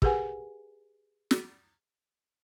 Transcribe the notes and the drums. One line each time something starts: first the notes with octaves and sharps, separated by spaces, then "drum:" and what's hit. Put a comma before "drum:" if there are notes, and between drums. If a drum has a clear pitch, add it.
G4 G#4 A#4 B4 F#5 G#5, drum: kick
drum: snare